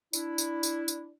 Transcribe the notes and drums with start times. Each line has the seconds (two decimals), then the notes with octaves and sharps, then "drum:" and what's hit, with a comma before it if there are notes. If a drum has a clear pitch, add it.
0.13 D4 E4, drum: tambourine
0.38 drum: tambourine
0.63 drum: tambourine
0.88 drum: tambourine